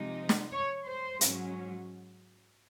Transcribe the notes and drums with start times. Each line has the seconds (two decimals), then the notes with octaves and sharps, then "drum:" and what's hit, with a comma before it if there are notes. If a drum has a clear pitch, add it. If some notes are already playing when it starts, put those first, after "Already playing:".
Already playing: C3 F3 G#3 D#4
0.29 drum: snare
0.52 C#5
0.86 C5
1.21 G#2 F#3 C#4, drum: hi-hat